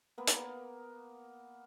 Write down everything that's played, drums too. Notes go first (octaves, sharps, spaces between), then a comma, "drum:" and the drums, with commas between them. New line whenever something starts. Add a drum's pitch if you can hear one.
A#3 B3
drum: hi-hat